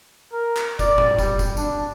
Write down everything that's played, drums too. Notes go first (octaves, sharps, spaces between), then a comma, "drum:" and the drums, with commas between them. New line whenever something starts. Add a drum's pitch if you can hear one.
A#4
drum: clap
D5, drum: kick, tambourine
drum: tom A2
G3, drum: kick, tambourine
drum: kick, tambourine
D4, drum: tambourine